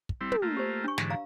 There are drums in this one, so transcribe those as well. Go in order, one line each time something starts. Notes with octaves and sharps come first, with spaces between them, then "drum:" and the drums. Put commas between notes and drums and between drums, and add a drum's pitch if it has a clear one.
drum: kick
G3 C4 E4
drum: tom
A3 A#3 F4
G4 C5
D4 C#6
G#2 D3 E3, drum: snare
F5 A#5